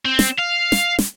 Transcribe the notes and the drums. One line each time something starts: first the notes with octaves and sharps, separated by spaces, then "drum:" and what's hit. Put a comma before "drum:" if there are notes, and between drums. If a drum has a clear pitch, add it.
C4
drum: snare
F5
drum: snare
drum: snare